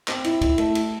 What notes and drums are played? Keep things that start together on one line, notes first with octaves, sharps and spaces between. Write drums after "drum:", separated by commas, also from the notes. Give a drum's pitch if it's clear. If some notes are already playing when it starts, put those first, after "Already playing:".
C4, drum: clap
E4, drum: cymbal
E4, drum: kick, cymbal
A3, drum: cymbal
drum: cymbal